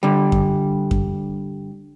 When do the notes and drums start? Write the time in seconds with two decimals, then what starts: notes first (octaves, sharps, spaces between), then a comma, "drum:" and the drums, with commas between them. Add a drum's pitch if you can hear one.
0.03 D3 G3
0.32 drum: kick F#2
0.91 drum: kick F#2